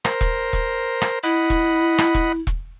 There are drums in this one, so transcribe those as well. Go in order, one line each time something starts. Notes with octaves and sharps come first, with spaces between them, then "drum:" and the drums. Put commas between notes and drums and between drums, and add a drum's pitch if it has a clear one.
A#4 C5, drum: rim click
drum: kick E1
drum: kick E1
drum: rim click
E4 D#5 F#5 B5
drum: kick E1
drum: rim click
drum: kick E1
drum: kick E1